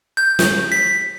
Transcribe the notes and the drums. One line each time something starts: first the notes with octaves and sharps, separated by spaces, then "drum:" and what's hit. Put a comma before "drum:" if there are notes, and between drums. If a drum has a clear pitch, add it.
G6
drum: snare
B6